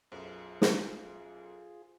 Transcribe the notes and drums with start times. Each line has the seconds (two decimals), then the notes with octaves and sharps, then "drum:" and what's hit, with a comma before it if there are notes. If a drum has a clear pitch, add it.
0.12 B1 F#2 F4 G#4 A4 C5
0.62 drum: snare